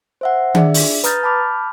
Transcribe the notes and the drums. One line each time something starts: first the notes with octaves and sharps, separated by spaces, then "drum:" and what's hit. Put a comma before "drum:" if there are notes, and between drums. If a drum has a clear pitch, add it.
C5 E5 F#5
D4 G#4 D5 E5, drum: tom D#3
drum: open hi-hat
B4 A#5 D#6 F6 G6 A6, drum: hi-hat
A5 B5 D6 F6 G6